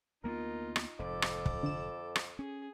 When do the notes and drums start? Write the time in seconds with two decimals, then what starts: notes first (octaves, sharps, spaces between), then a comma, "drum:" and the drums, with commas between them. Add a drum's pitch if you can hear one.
0.24 D2 A#3 B3 D#4 F4 A#4
0.76 drum: rim click
0.99 F1 F2 G#2 A4 D6
1.22 drum: rim click
1.46 drum: kick
1.63 D3 E7
2.16 drum: rim click
2.39 C#4 G#4